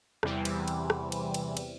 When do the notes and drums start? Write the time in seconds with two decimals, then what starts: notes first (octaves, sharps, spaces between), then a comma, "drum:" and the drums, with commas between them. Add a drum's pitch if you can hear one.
0.23 E2 C3 E3 G3 C4, drum: rim click
0.45 drum: cymbal
0.68 drum: cymbal
0.90 drum: rim click
1.12 drum: cymbal
1.34 drum: cymbal
1.57 drum: cymbal